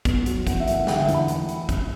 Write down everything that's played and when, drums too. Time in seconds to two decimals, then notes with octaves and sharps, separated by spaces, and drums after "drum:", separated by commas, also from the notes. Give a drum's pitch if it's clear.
0.05 B3, drum: kick, hi-hat
0.26 F#3, drum: hi-hat
0.47 E3 F#5, drum: kick, hi-hat
0.60 E5
0.67 A2, drum: hi-hat
0.74 F#5
0.87 D3 G5, drum: snare
0.97 E5
1.01 F#5
1.08 E2, drum: hi-hat
1.14 B5
1.28 drum: hi-hat
1.48 drum: hi-hat
1.69 drum: kick, hi-hat